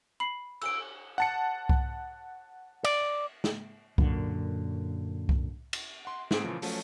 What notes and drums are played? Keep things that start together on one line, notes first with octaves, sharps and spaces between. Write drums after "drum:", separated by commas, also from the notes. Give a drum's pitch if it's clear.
B5 C7
E6 D7, drum: cymbal
F#5 A5 C#7
drum: kick C2
D5, drum: cymbal
drum: snare
F#2 A#2 D3, drum: kick C2
drum: kick C2
drum: cymbal
F#5 C6
G#2 C4 G#4 D7, drum: snare
A#2 C#3 E3 F3
F3 F#3 A3 C#4, drum: open hi-hat